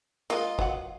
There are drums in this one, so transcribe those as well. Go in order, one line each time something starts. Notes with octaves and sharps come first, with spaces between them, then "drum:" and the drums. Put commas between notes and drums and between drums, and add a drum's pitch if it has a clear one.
G#3 A#3 F4 D#5
F#3 F#5, drum: kick